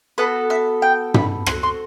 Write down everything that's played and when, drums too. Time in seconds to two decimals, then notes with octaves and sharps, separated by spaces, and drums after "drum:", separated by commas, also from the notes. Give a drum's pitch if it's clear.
0.18 B3 F#4 A4 B4
0.50 E5
0.82 G5
1.14 B5, drum: tom
1.46 C4 F#4 A4 C6, drum: rim click
1.63 C6